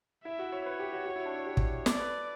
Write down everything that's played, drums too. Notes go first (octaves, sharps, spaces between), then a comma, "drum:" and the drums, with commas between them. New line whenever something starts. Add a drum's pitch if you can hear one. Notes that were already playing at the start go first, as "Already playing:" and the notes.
E4 E5
F#4
C#5
B4 C#5
G4
F#4
F#4
E4
D4
E4
G4
drum: kick
A4 D5, drum: snare
B4